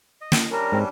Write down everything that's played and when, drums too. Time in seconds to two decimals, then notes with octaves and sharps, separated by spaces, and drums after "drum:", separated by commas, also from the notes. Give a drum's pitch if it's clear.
0.21 D#5
0.32 drum: snare
0.51 G3 C#4 D4 A#4
0.72 G#2 C4